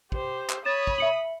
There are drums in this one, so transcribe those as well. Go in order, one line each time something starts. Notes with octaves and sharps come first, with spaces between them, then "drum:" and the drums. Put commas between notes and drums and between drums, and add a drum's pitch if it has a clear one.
G4 C5, drum: kick
drum: clap
C#5 B5 D#6 A6 E7
drum: kick
E5 C#7 F#7